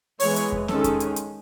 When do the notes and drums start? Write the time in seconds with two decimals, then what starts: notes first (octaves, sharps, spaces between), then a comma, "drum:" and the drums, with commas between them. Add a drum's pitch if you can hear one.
0.20 E3 G#3 B3 C#5, drum: open hi-hat
0.36 drum: hi-hat
0.52 drum: kick E2
0.68 D#3 G#3 C#4 A4, drum: snare C4
0.84 drum: kick E2, hi-hat
1.00 drum: hi-hat
1.16 drum: hi-hat